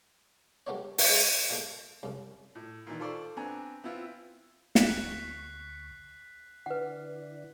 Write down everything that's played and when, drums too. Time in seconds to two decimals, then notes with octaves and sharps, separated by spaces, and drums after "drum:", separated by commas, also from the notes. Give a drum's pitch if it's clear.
0.67 F#3 G3 A3 B3 D4 C#5
0.98 drum: open hi-hat
1.09 G#3
1.50 A#2 A3
2.03 C2 F#2
2.55 A2
2.87 A#2 D#3 E3
3.00 F4 A4 C5 D5 C6 C#6
3.36 B3 C4 D4 G#5 A#5
3.84 B3 C4 E4 F4
4.75 D2 C#6 F#6 B6 C7, drum: snare
6.66 D3 E4 B4 D5 F#5